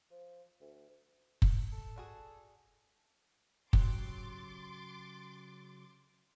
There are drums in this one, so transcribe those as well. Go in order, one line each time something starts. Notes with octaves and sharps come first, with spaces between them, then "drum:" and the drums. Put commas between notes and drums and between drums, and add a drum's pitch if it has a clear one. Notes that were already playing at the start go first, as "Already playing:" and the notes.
F3
D2
drum: kick
A4
D4 F#4 G#4
C#3 F#3 G4 C6 D6 A6, drum: kick